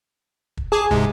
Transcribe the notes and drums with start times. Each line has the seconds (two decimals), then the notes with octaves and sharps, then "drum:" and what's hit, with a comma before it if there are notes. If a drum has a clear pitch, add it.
0.57 drum: kick
0.72 G#4 A5 D6
0.91 G#2 C3 G#3, drum: kick